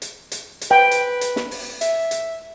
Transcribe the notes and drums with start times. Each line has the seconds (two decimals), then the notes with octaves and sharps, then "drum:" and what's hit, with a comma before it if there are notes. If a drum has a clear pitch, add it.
0.02 drum: hi-hat
0.32 drum: hi-hat
0.61 drum: hi-hat
0.71 B4 G5
0.91 drum: hi-hat
1.21 drum: hi-hat
1.36 drum: snare
1.51 drum: open hi-hat
1.81 E5, drum: hi-hat
2.11 drum: hi-hat